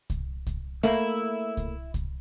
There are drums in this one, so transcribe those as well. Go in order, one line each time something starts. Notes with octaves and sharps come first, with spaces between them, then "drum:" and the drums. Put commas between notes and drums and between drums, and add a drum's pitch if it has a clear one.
drum: kick C2, hi-hat
drum: kick C2, hi-hat
A3 A#3 E4, drum: hi-hat
drum: kick C2, hi-hat
drum: kick C2, hi-hat